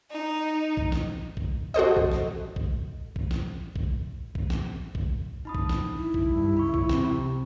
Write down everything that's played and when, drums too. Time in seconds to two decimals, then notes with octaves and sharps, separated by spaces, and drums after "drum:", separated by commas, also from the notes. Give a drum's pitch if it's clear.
0.11 D#4
0.77 drum: kick
0.92 drum: snare
1.37 drum: kick
1.74 F#4 A4 C5 D#5
1.97 drum: kick
2.12 drum: snare
2.56 drum: kick
3.16 drum: kick
3.31 drum: snare
3.76 drum: kick
4.35 drum: kick
4.50 drum: snare
4.95 drum: kick
5.45 D#4 B5 D#6
5.55 drum: kick
5.69 drum: snare
5.95 E4
6.14 drum: kick
6.29 G2
6.57 C#2 B5 C#6
6.74 drum: kick
6.89 C3, drum: snare